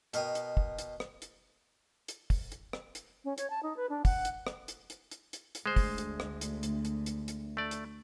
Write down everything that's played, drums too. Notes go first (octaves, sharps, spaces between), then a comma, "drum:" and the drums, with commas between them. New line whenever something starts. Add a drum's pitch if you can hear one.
B2 A#4 D#5 G5 D#6, drum: hi-hat
drum: hi-hat
drum: kick
drum: hi-hat
drum: rim click
drum: hi-hat
drum: hi-hat
drum: kick, open hi-hat
drum: hi-hat
drum: rim click
drum: hi-hat
C#4
C#5, drum: hi-hat
A5
D#4
B4
D4
F#5, drum: kick, open hi-hat
drum: hi-hat
drum: rim click
drum: hi-hat
drum: hi-hat
drum: hi-hat
drum: hi-hat
drum: hi-hat
D2 G#3 C5
drum: kick, open hi-hat
drum: hi-hat
drum: rim click
drum: hi-hat
drum: hi-hat
drum: hi-hat
drum: hi-hat
drum: hi-hat
A3 D5
drum: hi-hat